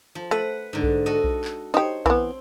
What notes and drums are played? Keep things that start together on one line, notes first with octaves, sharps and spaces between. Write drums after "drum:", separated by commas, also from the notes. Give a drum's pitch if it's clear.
F3
A3 B4 F#5
G#2 D3
drum: kick B1
F#4 A4 D#5
drum: kick B1
drum: clap
D#4 G4 C5 C#5
E3 B3 C4, drum: kick B1